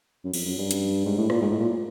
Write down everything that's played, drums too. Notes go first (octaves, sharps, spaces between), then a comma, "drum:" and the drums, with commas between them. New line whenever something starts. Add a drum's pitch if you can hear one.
F#2
F2, drum: cymbal
F#2
G2
drum: hi-hat
G#2
A2
A#2, drum: rim click
G#2
A2
A#2